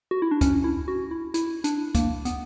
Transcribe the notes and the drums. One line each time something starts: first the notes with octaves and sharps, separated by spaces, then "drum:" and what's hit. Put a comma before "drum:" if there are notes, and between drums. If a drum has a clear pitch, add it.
F#4
E4
D4
C#4, drum: kick, hi-hat
E4
F#4
E4
E4, drum: hi-hat
D4, drum: hi-hat
A#3, drum: kick, hi-hat
B3, drum: hi-hat